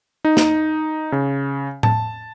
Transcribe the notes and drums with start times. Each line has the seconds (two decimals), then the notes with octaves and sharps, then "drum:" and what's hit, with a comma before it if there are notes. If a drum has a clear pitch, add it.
0.25 D#4
0.37 drum: snare
1.12 C#3
1.83 A5, drum: tom A2